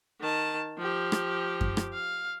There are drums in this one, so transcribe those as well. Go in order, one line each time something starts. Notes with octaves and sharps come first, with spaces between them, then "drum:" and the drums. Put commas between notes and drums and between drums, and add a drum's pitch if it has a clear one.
D#3 A5
F3 G4
drum: rim click
drum: kick F#2
drum: rim click
F5